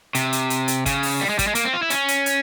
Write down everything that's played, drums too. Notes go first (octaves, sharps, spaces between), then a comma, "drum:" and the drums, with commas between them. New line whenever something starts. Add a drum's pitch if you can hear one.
C3, drum: hi-hat
drum: hi-hat
drum: hi-hat
drum: hi-hat
C#3, drum: kick, hi-hat
drum: open hi-hat
G3
G#3
G3, drum: kick, hi-hat
G#3
A#3, drum: hi-hat
C4
F4
E4
C#4, drum: hi-hat
drum: hi-hat
drum: hi-hat